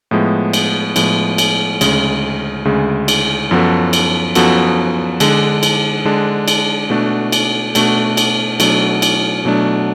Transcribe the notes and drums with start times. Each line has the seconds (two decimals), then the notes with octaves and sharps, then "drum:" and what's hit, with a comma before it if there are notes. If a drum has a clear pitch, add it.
0.11 A2 F3 G#3 B3
0.53 drum: cymbal
0.96 A2 F3 G#3 B3, drum: cymbal
1.38 drum: cymbal
1.81 D2 C#3 G#3, drum: cymbal
2.65 D2 C#3 G#3
3.08 drum: cymbal
3.51 F#2 F3 B3 F#4 A4
3.93 drum: cymbal
4.35 F#2 F3 B3 F#4 A4, drum: cymbal
5.20 D3 G#3 D4, drum: cymbal
5.63 drum: cymbal
6.05 D3 G#3 D4
6.48 drum: cymbal
6.90 B2 A3 D4 F#4
7.32 drum: cymbal
7.75 B2 A3 D4 F#4, drum: cymbal
8.17 drum: cymbal
8.60 B2 F#3 A3 D4, drum: cymbal
9.02 drum: cymbal
9.45 B2 F#3 A3 D4